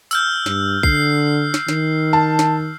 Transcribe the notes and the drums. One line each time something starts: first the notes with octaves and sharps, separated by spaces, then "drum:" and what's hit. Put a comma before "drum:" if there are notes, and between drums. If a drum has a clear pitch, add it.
E6 F6 G6, drum: tambourine
G2, drum: snare
D3 C7, drum: kick
drum: snare
D#3, drum: snare
A5
drum: snare